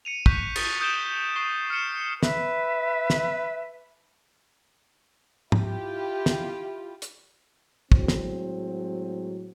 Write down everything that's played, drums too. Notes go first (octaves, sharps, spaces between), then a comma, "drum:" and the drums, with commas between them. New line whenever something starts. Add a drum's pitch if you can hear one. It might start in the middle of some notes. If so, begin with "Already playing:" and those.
C#7 D#7 F7
C#6 F#6 G6 B6 E7, drum: kick
D#6 A6, drum: cymbal
D#6 G6 D7 E7 G7
C#6 C7 G7
F6 C7 C#7 E7
B4 E5, drum: snare
drum: snare
E4 F4 G4, drum: tom
drum: snare
drum: hi-hat
A2 F#3 G#3 C4, drum: kick
drum: snare